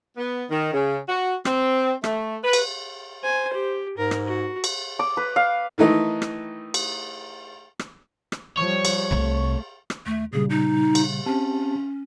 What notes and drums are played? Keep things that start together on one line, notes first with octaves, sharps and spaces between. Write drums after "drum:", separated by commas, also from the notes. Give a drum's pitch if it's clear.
B3
D#3
C#3
F#4
C4, drum: rim click
A3, drum: rim click
B4
drum: cymbal
C5 G#5
G4
G#2 A#4
drum: rim click
F#4
drum: cymbal
D6
B4
F5
D#3 E3 A3 D#4
drum: rim click
drum: cymbal
drum: rim click
drum: rim click
F3 G3 C#5
drum: cymbal
C2 C3 A3
drum: rim click
D#2 A3
A#2 C#3 G3 G#4
D#4
drum: cymbal
C4 C#4 G4 A5